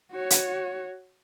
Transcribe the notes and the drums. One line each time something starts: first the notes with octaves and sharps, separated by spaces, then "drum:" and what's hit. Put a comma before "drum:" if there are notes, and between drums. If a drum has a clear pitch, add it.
F#4 C#5
drum: hi-hat